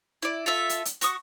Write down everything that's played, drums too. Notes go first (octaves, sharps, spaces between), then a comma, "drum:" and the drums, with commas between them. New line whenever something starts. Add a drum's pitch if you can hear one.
E4 D5
F4 A4 E5
drum: hi-hat
drum: hi-hat
F#4 C#6 D#6, drum: hi-hat